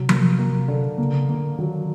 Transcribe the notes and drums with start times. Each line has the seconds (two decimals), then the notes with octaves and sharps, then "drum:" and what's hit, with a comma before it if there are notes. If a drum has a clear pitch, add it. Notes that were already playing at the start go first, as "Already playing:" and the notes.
Already playing: C3 F#3
0.09 A#3, drum: tom F3
0.39 A#3
0.68 D3
0.98 C#3 A#3
1.28 D3 A#3
1.59 D#3 F#3